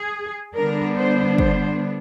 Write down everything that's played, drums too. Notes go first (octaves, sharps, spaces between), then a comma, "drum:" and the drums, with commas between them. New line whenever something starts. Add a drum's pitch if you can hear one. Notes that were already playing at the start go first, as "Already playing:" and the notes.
Already playing: G#4
D3 G3 B3 D4 A#4
C5
C5, drum: kick